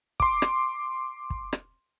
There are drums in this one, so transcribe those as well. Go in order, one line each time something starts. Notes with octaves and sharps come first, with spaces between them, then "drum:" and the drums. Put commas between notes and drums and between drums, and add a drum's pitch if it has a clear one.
C6 D6, drum: kick
drum: rim click
drum: kick
drum: rim click